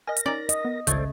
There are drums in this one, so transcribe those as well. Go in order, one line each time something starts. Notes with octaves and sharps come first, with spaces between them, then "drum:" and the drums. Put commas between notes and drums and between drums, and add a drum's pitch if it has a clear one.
A#4 D#5 G#5 A#6
drum: hi-hat
C#4 D#4 D5
D#5, drum: hi-hat
B3
G#1 C#2 C#3 A3 A4 C5 D5 G#6, drum: hi-hat